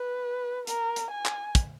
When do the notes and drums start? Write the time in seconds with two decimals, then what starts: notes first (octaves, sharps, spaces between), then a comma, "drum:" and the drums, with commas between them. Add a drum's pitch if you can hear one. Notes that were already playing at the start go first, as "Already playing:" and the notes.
Already playing: B4
0.67 A#4, drum: hi-hat
0.96 drum: hi-hat
1.11 G#5
1.26 drum: clap
1.55 drum: kick, hi-hat